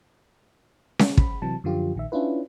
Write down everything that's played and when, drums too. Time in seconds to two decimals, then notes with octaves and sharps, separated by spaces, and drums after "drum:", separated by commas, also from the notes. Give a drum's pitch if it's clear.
0.99 drum: snare C#4
1.17 B5, drum: kick
1.42 C3 E3 F#3 A5
1.64 F#2 D3 F3 F4 G4
1.95 A#1 D#3 E5
2.12 C#4 D4 E4 F4 B4